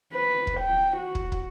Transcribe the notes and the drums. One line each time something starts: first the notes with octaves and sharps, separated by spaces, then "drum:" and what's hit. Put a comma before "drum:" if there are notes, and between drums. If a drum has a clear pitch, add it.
B4
drum: kick
G5
F#4
drum: kick
drum: kick